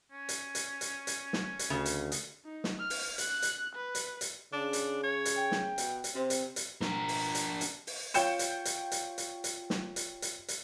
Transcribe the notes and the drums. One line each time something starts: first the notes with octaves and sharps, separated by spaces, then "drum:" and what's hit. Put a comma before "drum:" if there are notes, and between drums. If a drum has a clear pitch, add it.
C#4
drum: hi-hat
drum: hi-hat
drum: hi-hat
drum: hi-hat
drum: snare
drum: hi-hat
D2 C#3
drum: hi-hat
drum: hi-hat
D#4
drum: snare
F6
drum: open hi-hat
F#6, drum: hi-hat
drum: hi-hat
B4
drum: hi-hat
drum: hi-hat
C#3 D4
drum: hi-hat
C#5
drum: hi-hat
G5
drum: snare
B2, drum: hi-hat
drum: hi-hat
C3 C4 C5
drum: hi-hat
drum: hi-hat
D4 A#4, drum: snare
drum: open hi-hat
drum: hi-hat
drum: hi-hat
drum: open hi-hat
F4 C#5 G5 G6 C#7 E7, drum: hi-hat
drum: hi-hat
drum: hi-hat
drum: hi-hat
drum: hi-hat
drum: hi-hat
drum: snare
drum: hi-hat
drum: hi-hat
drum: hi-hat